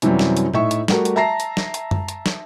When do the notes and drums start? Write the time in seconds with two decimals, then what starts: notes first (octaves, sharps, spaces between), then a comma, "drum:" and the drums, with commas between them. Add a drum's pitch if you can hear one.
0.02 F#2 C3 E3 F#3 G3, drum: hi-hat
0.19 drum: snare
0.37 drum: hi-hat
0.54 A2 D#4 E5 C#6, drum: tom A#2
0.71 drum: hi-hat
0.88 G3 A3 F#4 A#4, drum: snare
1.05 drum: hi-hat
1.16 E5 A5 A#5 A#6 C7
1.40 drum: hi-hat
1.57 drum: snare
1.74 drum: hi-hat
1.91 drum: tom F#2
2.08 drum: hi-hat
2.26 drum: snare